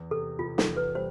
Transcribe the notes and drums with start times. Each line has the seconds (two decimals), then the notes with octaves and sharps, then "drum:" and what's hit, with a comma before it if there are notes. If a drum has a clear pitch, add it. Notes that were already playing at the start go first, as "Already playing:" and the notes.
Already playing: E2
0.11 C3 A4
0.39 C3 F4
0.58 A4, drum: snare
0.67 E2
0.77 B4
0.95 G3 C5